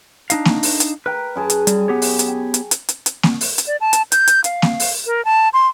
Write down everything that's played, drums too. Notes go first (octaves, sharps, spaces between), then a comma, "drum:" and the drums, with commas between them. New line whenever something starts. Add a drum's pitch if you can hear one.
D4 D#4 F5, drum: hi-hat
drum: snare A#3
drum: open hi-hat
drum: hi-hat
A#4 B4 G5
F#2 G#4 A5
drum: hi-hat
G3, drum: hi-hat
B3 G4 C#5
drum: open hi-hat
drum: hi-hat
G5
drum: hi-hat
drum: hi-hat
drum: hi-hat
drum: hi-hat
drum: snare A#3
drum: open hi-hat
drum: hi-hat
D5
A5
drum: hi-hat
G6, drum: hi-hat
drum: hi-hat
F5, drum: hi-hat
drum: snare A#3
drum: open hi-hat
A#4
A5
C6